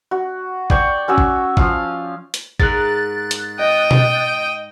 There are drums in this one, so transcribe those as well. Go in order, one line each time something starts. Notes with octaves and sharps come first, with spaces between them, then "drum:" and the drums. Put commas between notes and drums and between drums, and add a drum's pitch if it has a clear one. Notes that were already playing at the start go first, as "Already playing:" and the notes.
F#4
D5 G5 C#6, drum: kick G#1
C#4 F#4 E6
drum: kick G#1
F3 F5, drum: kick G#1
drum: hi-hat
G#2 A#4 F#6 A6, drum: kick G#1
drum: hi-hat
D#5 G5 D#6
drum: tom B2